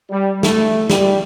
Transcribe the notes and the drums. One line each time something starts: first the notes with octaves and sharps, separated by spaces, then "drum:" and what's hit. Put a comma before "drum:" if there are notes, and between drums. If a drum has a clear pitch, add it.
G3
A3, drum: snare
G3, drum: snare